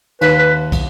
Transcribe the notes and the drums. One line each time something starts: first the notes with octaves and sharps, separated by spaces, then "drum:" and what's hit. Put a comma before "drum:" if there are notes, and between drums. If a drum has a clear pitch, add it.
D#2 B4, drum: cymbal
B4
drum: kick, cymbal